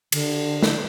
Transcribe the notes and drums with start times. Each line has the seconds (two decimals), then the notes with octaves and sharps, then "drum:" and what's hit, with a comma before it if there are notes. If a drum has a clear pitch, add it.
0.12 D3, drum: cymbal
0.62 drum: snare